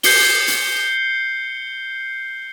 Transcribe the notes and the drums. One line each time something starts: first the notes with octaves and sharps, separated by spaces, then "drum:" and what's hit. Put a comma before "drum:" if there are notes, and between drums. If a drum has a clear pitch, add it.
G6 C7 C#7 G7, drum: open hi-hat
drum: hi-hat